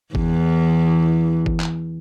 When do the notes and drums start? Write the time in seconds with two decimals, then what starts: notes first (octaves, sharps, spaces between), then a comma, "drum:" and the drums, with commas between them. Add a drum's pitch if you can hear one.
0.15 E2 E3, drum: kick
1.46 drum: kick
1.60 drum: clap